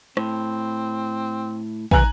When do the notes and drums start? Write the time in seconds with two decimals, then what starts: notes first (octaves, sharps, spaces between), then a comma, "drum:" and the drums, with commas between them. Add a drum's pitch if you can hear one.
0.17 A2 C4, drum: rim click
1.91 C3 E3 G#5 A#5 F#6, drum: kick